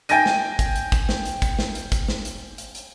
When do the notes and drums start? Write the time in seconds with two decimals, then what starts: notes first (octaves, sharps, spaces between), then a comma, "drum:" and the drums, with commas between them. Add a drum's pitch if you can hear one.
0.09 G5 G#5 A6 A#6 D#7, drum: hi-hat
0.26 drum: snare
0.59 drum: kick, hi-hat
0.76 drum: hi-hat
0.92 drum: kick, hi-hat
1.09 drum: snare
1.25 drum: hi-hat
1.42 drum: kick, hi-hat
1.59 drum: snare
1.75 drum: hi-hat
1.92 drum: kick, hi-hat
2.08 drum: snare
2.25 drum: hi-hat
2.58 drum: hi-hat
2.75 drum: hi-hat